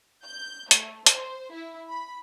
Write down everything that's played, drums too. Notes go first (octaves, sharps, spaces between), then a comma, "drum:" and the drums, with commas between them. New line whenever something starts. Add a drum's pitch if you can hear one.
G6
A3, drum: hi-hat
C5, drum: hi-hat
E4
B5